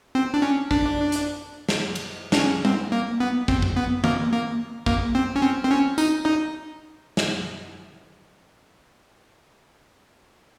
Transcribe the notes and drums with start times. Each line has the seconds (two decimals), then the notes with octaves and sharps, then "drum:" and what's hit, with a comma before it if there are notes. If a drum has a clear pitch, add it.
0.15 C4
0.34 D4
0.42 C#4
0.71 D4, drum: kick
1.12 drum: hi-hat
1.69 drum: snare
1.95 drum: cymbal
2.32 D4, drum: snare
2.37 C#4
2.65 C4, drum: tom G3
2.92 A#3
3.20 B3
3.48 C4, drum: kick
3.62 drum: kick
3.77 B3
4.04 A#3, drum: tom D#3
4.32 A#3
4.86 A#3, drum: kick
5.15 C4
5.36 C#4
5.42 C4
5.64 C4
5.71 C#4
5.98 D#4, drum: tambourine
6.25 D#4
7.17 drum: snare